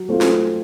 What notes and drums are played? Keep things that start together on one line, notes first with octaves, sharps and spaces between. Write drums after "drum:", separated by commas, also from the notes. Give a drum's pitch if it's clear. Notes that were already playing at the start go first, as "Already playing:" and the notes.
Already playing: F#3
A3 C4 F4 A4
drum: snare